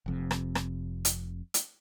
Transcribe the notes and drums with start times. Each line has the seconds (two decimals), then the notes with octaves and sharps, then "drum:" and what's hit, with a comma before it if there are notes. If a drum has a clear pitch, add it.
0.06 F1 F2 C3
0.31 drum: rim click
0.55 drum: rim click
1.05 drum: hi-hat
1.54 drum: hi-hat